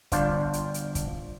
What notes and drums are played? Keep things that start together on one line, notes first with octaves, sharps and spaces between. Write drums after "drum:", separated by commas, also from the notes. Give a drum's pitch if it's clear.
G1 D4 F4 C5, drum: kick, hi-hat
drum: hi-hat
drum: hi-hat
drum: kick, hi-hat